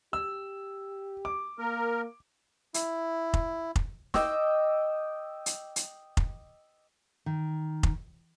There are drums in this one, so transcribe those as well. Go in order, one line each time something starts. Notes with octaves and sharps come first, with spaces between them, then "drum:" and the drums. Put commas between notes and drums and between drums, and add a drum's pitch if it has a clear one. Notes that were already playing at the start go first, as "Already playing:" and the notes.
G4 E6
D6
A#3 A#4
E4, drum: hi-hat
drum: kick F1
drum: kick F1
D#5 G5 D6 E6, drum: snare
drum: hi-hat
drum: hi-hat
drum: kick F1
D#3
drum: kick F1